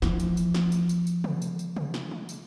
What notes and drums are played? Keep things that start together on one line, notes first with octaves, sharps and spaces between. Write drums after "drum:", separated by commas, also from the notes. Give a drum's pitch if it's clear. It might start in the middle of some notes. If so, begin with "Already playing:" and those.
E3 F3, drum: snare
drum: tambourine
drum: tambourine
drum: snare
drum: tambourine
drum: tambourine
drum: tambourine
drum: tom
drum: tambourine
drum: tambourine
drum: tom
drum: snare
drum: tom G3
drum: tambourine